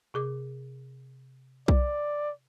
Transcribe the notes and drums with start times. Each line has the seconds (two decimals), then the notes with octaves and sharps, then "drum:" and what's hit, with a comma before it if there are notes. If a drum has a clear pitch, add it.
0.14 C3 G#4 D6
1.68 D5, drum: kick B1